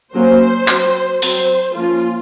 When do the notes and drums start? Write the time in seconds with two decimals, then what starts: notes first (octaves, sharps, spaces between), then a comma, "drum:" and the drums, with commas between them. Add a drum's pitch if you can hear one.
0.14 F#3 A#3 C#4 C5
0.68 F#3 C4, drum: clap
1.22 F#3 C4 C5, drum: open hi-hat
1.76 F3 A#3 C#4 F4